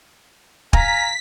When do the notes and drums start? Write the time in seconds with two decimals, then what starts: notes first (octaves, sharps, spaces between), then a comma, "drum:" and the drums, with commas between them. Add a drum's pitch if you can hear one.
0.73 F5 G#5 A#5 B6, drum: kick